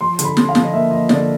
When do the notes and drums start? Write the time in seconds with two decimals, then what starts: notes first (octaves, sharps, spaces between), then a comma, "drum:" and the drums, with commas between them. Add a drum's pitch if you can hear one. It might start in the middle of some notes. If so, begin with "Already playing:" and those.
0.01 F3 C6
0.19 D3, drum: hi-hat
0.25 B5
0.37 F3, drum: snare
0.49 F5
0.55 F3, drum: snare
0.63 D#5
0.73 A#3 E5
0.91 F3 D#5
1.09 D3 D5, drum: snare